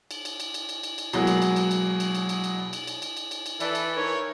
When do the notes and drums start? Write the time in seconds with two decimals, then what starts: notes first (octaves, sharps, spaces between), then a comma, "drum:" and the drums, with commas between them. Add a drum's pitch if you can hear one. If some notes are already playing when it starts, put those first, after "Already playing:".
0.11 drum: cymbal
0.25 drum: cymbal
0.40 drum: cymbal
0.54 drum: cymbal
0.69 drum: cymbal
0.83 drum: cymbal
0.98 drum: cymbal
1.13 B2 F#3 G#3 A#3, drum: cymbal
1.27 drum: cymbal
1.42 drum: cymbal
1.56 drum: cymbal
1.71 drum: cymbal
2.00 drum: cymbal
2.15 drum: cymbal
2.29 drum: cymbal
2.44 drum: cymbal
2.73 drum: cymbal
2.87 drum: cymbal
3.02 drum: cymbal
3.17 drum: cymbal
3.31 drum: cymbal
3.46 drum: cymbal
3.60 E3 A4 B4 D5, drum: cymbal
3.75 drum: cymbal
3.96 D#4 A#4 C#5